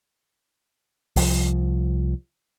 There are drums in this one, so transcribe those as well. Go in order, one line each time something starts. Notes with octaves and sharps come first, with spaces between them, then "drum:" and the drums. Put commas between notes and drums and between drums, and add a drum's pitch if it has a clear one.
C2 F3, drum: open hi-hat